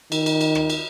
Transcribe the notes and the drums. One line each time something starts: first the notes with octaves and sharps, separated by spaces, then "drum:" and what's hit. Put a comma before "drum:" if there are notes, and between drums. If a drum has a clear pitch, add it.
D#3, drum: cymbal
drum: cymbal
drum: cymbal
drum: rim click
drum: cymbal